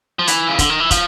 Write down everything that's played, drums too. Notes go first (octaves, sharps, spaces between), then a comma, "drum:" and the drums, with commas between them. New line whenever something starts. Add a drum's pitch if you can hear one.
F3
E3, drum: hi-hat
C#3
D3, drum: kick, hi-hat
D#3
E3
F3, drum: kick, hi-hat